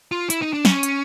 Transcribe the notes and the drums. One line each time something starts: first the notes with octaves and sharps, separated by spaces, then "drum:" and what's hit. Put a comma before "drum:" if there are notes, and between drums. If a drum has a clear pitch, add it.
F4
E4, drum: hi-hat
D#4
D4
C#4, drum: snare
drum: hi-hat